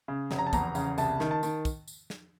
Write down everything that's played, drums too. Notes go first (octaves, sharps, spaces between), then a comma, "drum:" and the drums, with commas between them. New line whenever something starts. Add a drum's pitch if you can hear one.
C#3
F1, drum: snare
A#5
A5
E2 A#5, drum: kick, tambourine
C#3, drum: tambourine
C2 A5, drum: tambourine
D#3, drum: snare
A5
D#3, drum: tambourine
drum: kick, tambourine
drum: tambourine
drum: snare